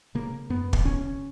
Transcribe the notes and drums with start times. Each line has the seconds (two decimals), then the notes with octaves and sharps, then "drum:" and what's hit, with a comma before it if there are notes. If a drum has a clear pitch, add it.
0.15 C#3 A#3
0.50 F#2 B3
0.73 drum: kick
0.85 C#3 C#4